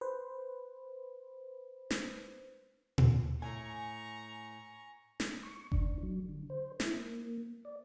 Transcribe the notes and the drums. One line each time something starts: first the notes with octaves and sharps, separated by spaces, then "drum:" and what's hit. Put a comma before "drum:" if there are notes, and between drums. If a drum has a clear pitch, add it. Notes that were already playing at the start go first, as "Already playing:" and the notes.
B4 C5
drum: snare
drum: tom A#2
A2 G#5 A#5 C#6
drum: snare
C#6
D4, drum: kick F#1
F#3
D3
C5
E4, drum: snare
A#3
D5